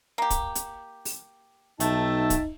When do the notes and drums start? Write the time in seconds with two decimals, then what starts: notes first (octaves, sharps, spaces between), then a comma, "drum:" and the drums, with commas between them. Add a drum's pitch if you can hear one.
0.18 A#3 G4
0.30 drum: kick, hi-hat
0.55 drum: hi-hat
1.05 drum: open hi-hat
1.80 B1 A3 D#4 E5 G5 A5, drum: hi-hat
2.30 drum: kick, hi-hat